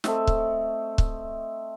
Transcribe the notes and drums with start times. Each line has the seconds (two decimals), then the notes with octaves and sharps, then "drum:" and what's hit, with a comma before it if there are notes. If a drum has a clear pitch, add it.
0.04 A3 C4 D#5 E5, drum: snare
0.27 drum: kick C#1
0.98 drum: kick C#1